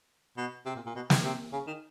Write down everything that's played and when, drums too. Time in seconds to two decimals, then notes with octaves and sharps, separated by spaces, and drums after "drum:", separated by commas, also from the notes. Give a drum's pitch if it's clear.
0.37 B2
0.66 C3
0.76 A#2
0.86 A#2
0.96 B2
1.10 C3, drum: snare
1.24 C3
1.53 C#3
1.67 D#3